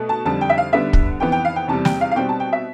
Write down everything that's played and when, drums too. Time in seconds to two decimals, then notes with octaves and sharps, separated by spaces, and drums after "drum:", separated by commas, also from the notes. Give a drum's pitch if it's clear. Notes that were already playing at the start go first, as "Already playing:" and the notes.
Already playing: B2 A3
0.09 A5
0.25 F2 D3 G3 A5
0.41 G5
0.50 E5
0.58 F5
0.73 D3 G3 B3 D4 E5
0.93 drum: kick
1.20 F2 E3 B3 G5
1.32 G5
1.45 F5
1.56 G5
1.68 E2 C3 G3 A5
1.85 G5, drum: snare
2.01 F5
2.11 F5
2.16 B2 G3 C4 G5
2.29 A5
2.40 G5
2.53 E5